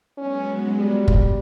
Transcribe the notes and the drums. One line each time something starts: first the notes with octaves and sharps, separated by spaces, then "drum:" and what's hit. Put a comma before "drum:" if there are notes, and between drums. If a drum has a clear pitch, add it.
F#3 G#3 B3 C#4
G3
drum: kick F#1